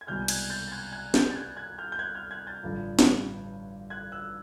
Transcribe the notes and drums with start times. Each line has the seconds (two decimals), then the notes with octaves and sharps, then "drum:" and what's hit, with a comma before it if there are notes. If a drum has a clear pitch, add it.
0.01 G#6
0.07 C2 B2 G#3 F6 G6
0.28 F#6 G#6, drum: cymbal
0.50 G6 A6
0.67 A6
0.72 F#6 G#6
0.92 F#6 G#6
1.14 G6 A6, drum: snare
1.30 A6
1.35 F#6 G#6
1.56 F#6 G#6
1.78 F6 G6
1.92 G6
1.99 F#6 G#6
2.15 F6 G6
2.31 F#6 G#6
2.47 G6 A6
2.63 A1 G2 D3 F3
2.99 drum: snare
3.90 F#6 G#6
4.12 E6 F#6